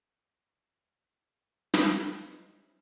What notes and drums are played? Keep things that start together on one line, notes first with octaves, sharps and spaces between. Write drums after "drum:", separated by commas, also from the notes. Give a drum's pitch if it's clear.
F#3 G3 B3, drum: snare
G2 D4 B4 D#5
C3 E3 F#3 G3 C4 C#4